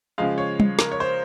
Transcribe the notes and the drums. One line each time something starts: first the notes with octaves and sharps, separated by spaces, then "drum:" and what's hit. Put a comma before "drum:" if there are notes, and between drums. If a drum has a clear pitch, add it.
C#3 F3 G#3 F5
C#5
drum: tom G3
A#4, drum: snare
C#5
C5